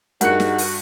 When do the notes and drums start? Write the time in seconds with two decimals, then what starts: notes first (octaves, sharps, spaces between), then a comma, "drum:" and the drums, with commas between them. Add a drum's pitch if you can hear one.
0.21 G2 D#4 F#4 G#4 A#4 F#5 F#6 C#7, drum: hi-hat
0.40 drum: snare
0.58 drum: open hi-hat